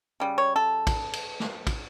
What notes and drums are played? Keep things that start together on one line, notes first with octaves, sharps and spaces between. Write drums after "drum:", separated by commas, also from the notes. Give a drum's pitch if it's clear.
C#3 G3
C#5
A4
drum: kick, cymbal
drum: cymbal
drum: snare
drum: kick, cymbal